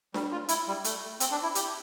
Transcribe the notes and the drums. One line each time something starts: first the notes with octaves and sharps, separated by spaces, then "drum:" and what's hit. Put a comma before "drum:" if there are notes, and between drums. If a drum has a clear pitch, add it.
G3, drum: snare D4
F4
E4, drum: hi-hat
G3
A3, drum: hi-hat
C4, drum: hi-hat
D4
E4
G4, drum: hi-hat